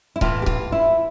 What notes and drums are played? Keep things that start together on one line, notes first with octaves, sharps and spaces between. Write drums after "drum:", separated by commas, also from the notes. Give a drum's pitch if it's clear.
E4
A2 E3 F4, drum: kick C#1
G4
F4, drum: kick C#1
E4